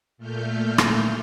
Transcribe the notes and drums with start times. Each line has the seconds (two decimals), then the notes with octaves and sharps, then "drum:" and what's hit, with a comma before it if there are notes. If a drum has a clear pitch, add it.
0.18 A#2 A3 F6 G6
0.78 drum: rim click